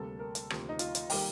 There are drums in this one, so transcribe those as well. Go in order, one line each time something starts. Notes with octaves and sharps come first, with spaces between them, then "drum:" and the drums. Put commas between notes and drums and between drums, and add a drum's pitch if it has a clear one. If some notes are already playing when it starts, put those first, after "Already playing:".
Already playing: D2 C3 G3 A#3 A4
A#4
drum: hi-hat
D2 C3 F3 A#3, drum: rim click
D#4
F4, drum: hi-hat
drum: hi-hat
D#3 G3 A#3 G4, drum: open hi-hat